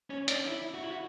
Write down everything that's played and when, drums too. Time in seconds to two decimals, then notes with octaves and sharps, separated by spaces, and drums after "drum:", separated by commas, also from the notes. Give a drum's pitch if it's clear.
0.10 C#4
0.28 D4, drum: hi-hat
0.47 E4
0.74 F#4
0.83 E4
0.90 F#4